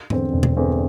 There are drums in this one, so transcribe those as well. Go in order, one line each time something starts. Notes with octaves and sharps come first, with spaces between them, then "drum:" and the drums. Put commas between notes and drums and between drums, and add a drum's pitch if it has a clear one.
E2 D3 C4, drum: tom G#2
E1
drum: tom
E2 D3 C4